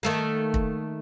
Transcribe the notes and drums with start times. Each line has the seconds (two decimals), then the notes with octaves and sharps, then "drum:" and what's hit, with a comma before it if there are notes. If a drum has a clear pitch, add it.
0.03 D#3 A3 A#3
0.54 drum: kick